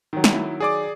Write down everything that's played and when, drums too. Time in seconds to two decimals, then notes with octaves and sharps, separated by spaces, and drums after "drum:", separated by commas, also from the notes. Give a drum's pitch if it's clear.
0.13 D#3 F#3
0.24 drum: snare
0.34 E4
0.60 G#4 D5 D6